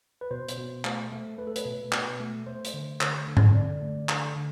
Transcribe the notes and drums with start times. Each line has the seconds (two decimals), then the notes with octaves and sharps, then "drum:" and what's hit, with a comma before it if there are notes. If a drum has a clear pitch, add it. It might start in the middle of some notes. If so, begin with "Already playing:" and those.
0.21 B4
0.31 B2 C5
0.49 drum: hi-hat
0.58 B2
0.85 A3, drum: clap
1.12 A3
1.38 A3 B4
1.47 A4
1.56 B4, drum: hi-hat
1.66 B2
1.92 B2, drum: clap
2.20 A3
2.47 A3 C5
2.65 drum: hi-hat
2.74 D3
3.01 D3, drum: clap
3.28 D3
3.37 drum: tom G#2
3.55 D3 D5
3.81 A3
4.09 D3, drum: clap
4.36 D3